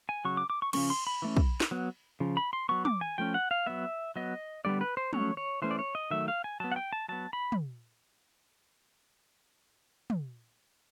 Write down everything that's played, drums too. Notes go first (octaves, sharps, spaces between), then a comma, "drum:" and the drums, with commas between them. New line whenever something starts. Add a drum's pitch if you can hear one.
G#5
C#3 F#3 C#6
D6
D6
C#6
C#3 F3 A#3 C#4 C#6, drum: cymbal
C6
B5
E3 A3 C#4
drum: kick
drum: snare
F#3 B3
C#3 F3
B5
C6
F#3 B3 C#6
D6, drum: tom
G#5
F3 A3 C#4 G5
F#5
F5
F#3 B3 E5
F#3 B3 D#5
D3 G3 B3 D5
B4
C5
F#3 A3 C#4 C#5, drum: tom
C#5
E3 A3 C#4 C5
D5
C#5
D#5
D#3 F#3 A3 E5
F5
G#5
F#3 B3 A5
F#5
G5
A5
F#3 B3 A5
B5
drum: tom
drum: tom